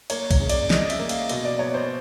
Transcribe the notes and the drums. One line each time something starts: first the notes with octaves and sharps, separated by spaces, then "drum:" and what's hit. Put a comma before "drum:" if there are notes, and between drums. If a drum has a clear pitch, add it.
A#3 C#5, drum: cymbal
C#5, drum: kick, cymbal
C#3
D5, drum: cymbal
C#3 D#5, drum: snare
E5, drum: cymbal
A#3
F5, drum: cymbal
B2 D#5, drum: cymbal
D5
B3 C#5
C5